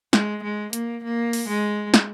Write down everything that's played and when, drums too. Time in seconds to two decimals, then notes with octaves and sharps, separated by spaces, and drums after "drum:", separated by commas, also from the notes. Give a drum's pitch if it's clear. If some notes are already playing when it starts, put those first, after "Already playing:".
0.13 G#3, drum: snare
0.43 G#3
0.73 A#3, drum: hi-hat
1.04 A#3
1.33 drum: open hi-hat
1.49 G#3
1.94 drum: snare